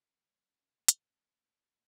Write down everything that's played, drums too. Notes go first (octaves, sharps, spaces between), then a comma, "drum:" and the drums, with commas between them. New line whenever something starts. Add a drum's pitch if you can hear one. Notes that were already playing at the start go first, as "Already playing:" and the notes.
Already playing: C#3 G3 A#3 C#4 A#5
A5
A#2 A3 C#4 A5
drum: hi-hat